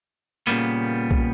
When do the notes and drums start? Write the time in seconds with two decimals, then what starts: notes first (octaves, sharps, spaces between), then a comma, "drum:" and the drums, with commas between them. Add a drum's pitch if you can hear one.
0.47 A#2 C#3 F#3 G3 A#3 B3
1.11 drum: kick A#1